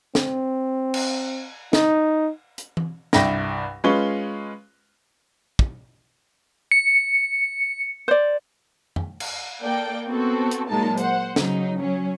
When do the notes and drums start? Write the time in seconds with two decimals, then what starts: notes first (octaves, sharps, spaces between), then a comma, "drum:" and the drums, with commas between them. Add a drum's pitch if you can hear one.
0.15 C4, drum: snare
0.94 drum: cymbal
1.73 D#4, drum: snare
2.58 drum: hi-hat
2.77 drum: tom
3.13 C2 G2 E5 G5 A#6, drum: snare
3.84 G#3 C#4 F4 B4 C#6 G7
5.59 drum: kick
6.72 C#7
8.08 C5 D5
8.96 drum: tom F2
9.20 drum: cymbal
9.63 A#3 A4 D5 G5
10.07 B3 C4 F#4 A4
10.51 drum: hi-hat
10.68 A#2 F#3 G#3 A#3 D#4 A5
10.97 C5 F#5, drum: hi-hat
11.36 C#3 F#3 D#4, drum: snare
11.79 F#3 C#4